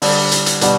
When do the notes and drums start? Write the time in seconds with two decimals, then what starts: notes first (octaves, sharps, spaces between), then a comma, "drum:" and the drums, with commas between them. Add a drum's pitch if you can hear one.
0.02 D3 G3 D4, drum: open hi-hat
0.31 drum: hi-hat
0.46 drum: hi-hat
0.61 B2 G3 D4 F#4, drum: hi-hat